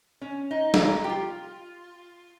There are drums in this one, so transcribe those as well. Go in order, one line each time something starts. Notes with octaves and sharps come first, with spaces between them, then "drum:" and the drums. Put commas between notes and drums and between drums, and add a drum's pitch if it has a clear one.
C#4
D#4
drum: snare
G4
F4